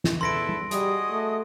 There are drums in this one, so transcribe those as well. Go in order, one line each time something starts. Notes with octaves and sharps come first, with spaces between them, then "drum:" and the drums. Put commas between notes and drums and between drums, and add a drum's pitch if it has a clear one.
drum: snare
E2 E4 A4 B4 C6 A#6 D7
drum: tom G3
G3 F#4 G#4 D#5 D#6, drum: hi-hat
A3